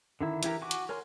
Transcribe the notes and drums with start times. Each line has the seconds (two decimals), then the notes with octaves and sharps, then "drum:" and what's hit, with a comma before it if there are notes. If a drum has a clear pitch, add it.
0.21 D3 D#3 E4
0.43 E3 E4 G4 A#4, drum: hi-hat
0.62 F#4 G#5 C#6 D6
0.71 drum: hi-hat
0.89 A#4 C#5 G#5 C6 F6